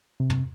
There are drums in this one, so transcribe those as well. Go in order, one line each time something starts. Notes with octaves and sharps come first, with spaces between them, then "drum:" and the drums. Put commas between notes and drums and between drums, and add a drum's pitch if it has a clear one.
C3
drum: tom